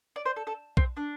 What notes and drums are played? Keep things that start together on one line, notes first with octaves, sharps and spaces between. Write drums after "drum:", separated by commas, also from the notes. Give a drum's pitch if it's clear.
D5
C5
A4
A4
C4, drum: kick B1
D4